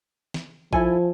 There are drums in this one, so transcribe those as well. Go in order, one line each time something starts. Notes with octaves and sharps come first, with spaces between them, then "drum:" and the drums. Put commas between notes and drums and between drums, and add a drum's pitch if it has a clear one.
drum: snare
F3 E4 A4 G#5, drum: kick A1